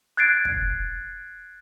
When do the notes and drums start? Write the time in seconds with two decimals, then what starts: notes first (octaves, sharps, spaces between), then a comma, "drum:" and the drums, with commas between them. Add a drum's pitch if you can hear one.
0.17 F#6 G#6 A6 C7 D7
0.45 drum: kick